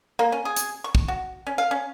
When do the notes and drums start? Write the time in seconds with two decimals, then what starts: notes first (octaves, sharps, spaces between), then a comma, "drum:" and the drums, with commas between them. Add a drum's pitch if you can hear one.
0.19 A#3
0.32 C#4
0.45 G#4
0.56 drum: hi-hat
0.84 C#6
0.95 drum: kick
1.08 F#4
1.47 C#4
1.58 F5
1.71 C#4